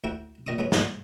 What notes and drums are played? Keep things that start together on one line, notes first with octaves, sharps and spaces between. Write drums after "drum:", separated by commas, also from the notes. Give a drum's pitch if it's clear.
D2 E4 F#4 G5
A#2 G4 D#5 C#6 D#6
F#3 G#3 B3 C#4 G#4
G#2 F3 G3 G#3, drum: snare